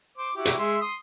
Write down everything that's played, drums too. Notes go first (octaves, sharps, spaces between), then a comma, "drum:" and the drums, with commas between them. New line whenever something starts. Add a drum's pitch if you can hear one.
C5 D6
E4 F#4 G4
drum: hi-hat
G#3 E5 C6
C6 D#6